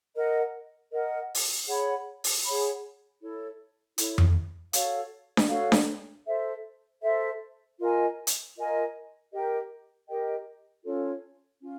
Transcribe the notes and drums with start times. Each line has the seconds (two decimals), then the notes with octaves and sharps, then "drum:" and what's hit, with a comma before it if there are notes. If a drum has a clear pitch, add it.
0.15 A#4 D#5 F#5
0.91 A#4 D#5 F#5
1.35 drum: open hi-hat
1.67 G#4 C#5 F#5 B5
2.24 drum: open hi-hat
2.44 G#4 C#5 F#5 B5
3.21 E4 A4 C#5
3.98 E4 A4 C#5, drum: hi-hat
4.18 drum: tom F2
4.73 F#4 A4 C#5 F5, drum: hi-hat
5.37 drum: snare D4
5.49 F#4 A4 C#5 F5
5.72 drum: snare D4
6.26 A4 C5 E5
7.02 A4 C5 E5
7.79 F4 A#4 D#5 G#5
8.27 drum: hi-hat
8.55 F4 A#4 D#5 G#5
9.32 G4 A#4 D#5 G5
10.09 G4 A#4 D#5 G5
10.85 C#4 F4 A4 C#5
11.61 C#4 F4